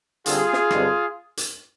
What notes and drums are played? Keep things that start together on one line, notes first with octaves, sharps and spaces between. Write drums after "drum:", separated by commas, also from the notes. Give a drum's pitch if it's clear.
D3 G3 C4 F4 G#4, drum: hi-hat
drum: snare
G2 D3 G#3 C4, drum: rim click
drum: hi-hat